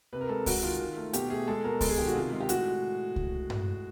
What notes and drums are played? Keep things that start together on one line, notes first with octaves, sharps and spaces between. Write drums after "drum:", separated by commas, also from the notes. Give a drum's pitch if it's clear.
C3 B4
A#4
G#3 A4
G#3 F#4, drum: kick C2, open hi-hat
D#3 F4
D#3
A3
B2 G4, drum: hi-hat
A3 G#4
G#3 A4
B2 A#4
G#3 A4, drum: kick C2, open hi-hat
G#4
D#3 G4
F#4
C3 F4
G#3
G4
A2 F#4, drum: hi-hat
drum: kick C2
drum: tom G2